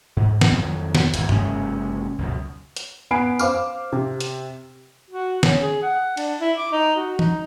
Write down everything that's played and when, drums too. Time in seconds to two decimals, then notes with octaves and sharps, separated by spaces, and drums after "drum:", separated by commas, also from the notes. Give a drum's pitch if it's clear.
0.17 G#2
0.41 drum: snare
0.52 F2 D#3 F#3 C4
0.95 drum: snare
1.14 G#1 A#2, drum: hi-hat
1.29 F#1 C3 G#3 C#4, drum: tom G2
2.18 C#2 F#2 B2
2.76 drum: hi-hat
3.11 B3 G#5 B5 C7 D7
3.39 C5 F5 D6 F6, drum: tambourine
3.92 C3
4.20 drum: hi-hat
5.11 F#4
5.43 C#4, drum: snare
5.61 G#4
5.83 F#5
6.17 D4, drum: cymbal
6.40 E4
6.58 D6
6.72 D#4
6.97 F#4
7.19 D#4, drum: tom E3